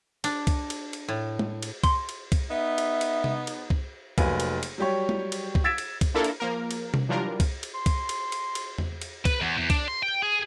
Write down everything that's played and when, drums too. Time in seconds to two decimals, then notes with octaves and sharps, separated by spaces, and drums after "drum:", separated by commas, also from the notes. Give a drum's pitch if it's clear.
0.24 D4, drum: cymbal
0.47 drum: kick C2, cymbal
0.70 drum: cymbal
0.93 drum: cymbal
1.08 A2
1.39 drum: tom
1.63 drum: cymbal
1.84 C6, drum: kick C2, cymbal
2.09 drum: cymbal
2.32 drum: kick C2, cymbal
2.50 B3 D#4 E5
2.78 drum: cymbal
3.01 drum: cymbal
3.24 drum: tom C3
3.47 drum: cymbal
3.70 drum: kick C2
4.18 F1 F#3 A#3 B4 G#5, drum: kick C2, cymbal
4.40 drum: cymbal
4.63 drum: cymbal
4.78 F#3 G3 G4 C#5
5.09 drum: tom
5.32 drum: cymbal
5.55 drum: kick C2
5.64 E6 G#6 A6 B6 D7 E7
5.78 drum: cymbal
6.01 drum: kick C2, cymbal
6.14 A#3 D4 E4 F4 A4 A#4
6.24 drum: cymbal
6.40 F3 A#3 A#4
6.71 drum: cymbal
6.94 drum: tom C3
7.09 E3 F#3 G3 D4 F4 A#4
7.40 drum: kick C2, cymbal
7.63 drum: cymbal
7.75 C6
7.86 drum: kick C2, cymbal
8.09 drum: cymbal
8.32 drum: cymbal
8.55 drum: cymbal
8.78 drum: tom E2
9.02 drum: cymbal
9.25 B4, drum: kick C2, cymbal
9.42 E2
9.58 E2
9.70 D4, drum: kick C2, cymbal
9.88 C6
10.03 G5
10.22 G#4